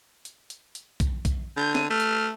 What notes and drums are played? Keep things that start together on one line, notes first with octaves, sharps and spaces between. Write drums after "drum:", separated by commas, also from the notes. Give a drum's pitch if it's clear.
drum: hi-hat
drum: hi-hat
drum: hi-hat
drum: kick, hi-hat
drum: kick, hi-hat
D3 G6
D#7, drum: snare
A3 F6
drum: hi-hat